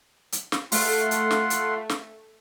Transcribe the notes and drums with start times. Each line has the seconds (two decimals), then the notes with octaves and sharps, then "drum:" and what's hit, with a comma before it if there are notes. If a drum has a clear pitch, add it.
0.32 drum: hi-hat
0.52 drum: snare
0.72 A3 F4 F#5 C6, drum: open hi-hat
1.11 drum: hi-hat
1.31 drum: snare
1.50 drum: hi-hat
1.89 drum: snare